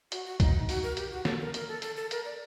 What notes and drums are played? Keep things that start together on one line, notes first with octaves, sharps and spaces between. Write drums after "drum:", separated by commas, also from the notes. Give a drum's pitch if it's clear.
F#4, drum: hi-hat
F#4
D#4, drum: kick C2, hi-hat
F#4, drum: open hi-hat
A#4
G4, drum: hi-hat
F#4
A4, drum: snare
A#4
A#4, drum: hi-hat
A4
A4, drum: hi-hat
A4
A#4, drum: hi-hat
D5